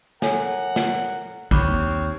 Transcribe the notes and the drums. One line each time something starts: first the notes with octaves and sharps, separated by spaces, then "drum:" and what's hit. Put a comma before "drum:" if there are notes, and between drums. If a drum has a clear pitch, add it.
A4 A#4 C#5 F#5 G#5, drum: snare
drum: snare
D#2 C4 C#5 B5 D6, drum: kick A#1